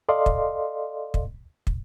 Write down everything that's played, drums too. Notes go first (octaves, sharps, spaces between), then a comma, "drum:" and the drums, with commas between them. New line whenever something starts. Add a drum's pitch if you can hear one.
A4 D5 D#5 F5 C6
drum: kick
drum: kick
drum: kick